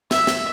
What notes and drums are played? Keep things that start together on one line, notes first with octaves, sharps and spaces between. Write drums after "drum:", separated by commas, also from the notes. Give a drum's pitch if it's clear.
E5, drum: snare
drum: snare